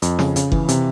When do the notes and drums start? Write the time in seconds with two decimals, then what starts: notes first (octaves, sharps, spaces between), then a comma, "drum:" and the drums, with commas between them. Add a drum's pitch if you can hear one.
0.02 F2, drum: hi-hat
0.19 C#3, drum: snare
0.36 C#3, drum: hi-hat
0.52 E3, drum: kick F#1
0.69 C3, drum: hi-hat